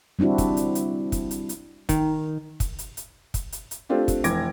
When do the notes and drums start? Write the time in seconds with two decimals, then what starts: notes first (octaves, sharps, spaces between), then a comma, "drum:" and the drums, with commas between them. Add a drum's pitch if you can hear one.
0.19 G3 C4 D4 E4 F#4
0.38 drum: kick, hi-hat
0.57 drum: hi-hat
0.75 drum: hi-hat
1.12 drum: kick, hi-hat
1.31 drum: hi-hat
1.49 drum: hi-hat
1.89 D#3, drum: kick, hi-hat
2.60 drum: kick, hi-hat
2.79 drum: hi-hat
2.97 drum: hi-hat
3.34 drum: kick, hi-hat
3.52 drum: hi-hat
3.71 drum: hi-hat
3.89 A3 C4 D4 F4 G4
4.08 drum: kick, hi-hat
4.24 F1 E3 D6 G#6 A#6 D7, drum: hi-hat